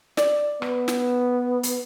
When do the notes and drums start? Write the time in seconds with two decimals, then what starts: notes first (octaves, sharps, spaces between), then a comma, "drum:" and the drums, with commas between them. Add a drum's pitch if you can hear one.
0.17 D5, drum: snare
0.62 B3, drum: rim click
0.88 drum: snare
1.63 drum: hi-hat